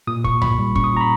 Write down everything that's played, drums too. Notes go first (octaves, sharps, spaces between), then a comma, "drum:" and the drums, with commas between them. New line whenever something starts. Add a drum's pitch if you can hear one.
A#2 D#6
A#2 C#6, drum: kick
A#2 B5, drum: tom A#1
G3
C#4 C#6, drum: kick
D#6
A#2 A#5
B5